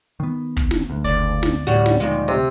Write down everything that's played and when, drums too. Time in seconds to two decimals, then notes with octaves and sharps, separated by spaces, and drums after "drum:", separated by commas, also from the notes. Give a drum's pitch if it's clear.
0.20 D#3 B3
0.57 drum: kick
0.71 drum: snare
0.90 D2
1.05 F#1 D5
1.43 drum: snare
1.67 A2 G3 F#4
1.86 drum: snare
2.00 A#2 D#3 F3 G#3
2.28 C3